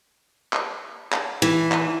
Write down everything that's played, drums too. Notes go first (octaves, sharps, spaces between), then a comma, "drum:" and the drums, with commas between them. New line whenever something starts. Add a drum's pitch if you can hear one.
drum: clap
drum: clap
E3
drum: clap